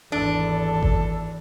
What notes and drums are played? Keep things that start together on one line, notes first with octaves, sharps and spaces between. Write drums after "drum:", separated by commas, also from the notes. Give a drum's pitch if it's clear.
G#1 E2 D4 A4
drum: kick G1